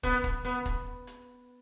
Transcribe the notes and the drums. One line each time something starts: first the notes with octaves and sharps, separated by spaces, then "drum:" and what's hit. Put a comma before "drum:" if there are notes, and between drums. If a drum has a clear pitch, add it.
B3, drum: kick
drum: kick, hi-hat
B3
drum: kick, hi-hat
drum: hi-hat